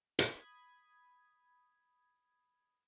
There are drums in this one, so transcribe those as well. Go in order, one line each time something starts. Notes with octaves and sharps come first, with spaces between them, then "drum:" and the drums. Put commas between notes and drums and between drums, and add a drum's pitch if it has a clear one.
B5 D#6 G#6, drum: hi-hat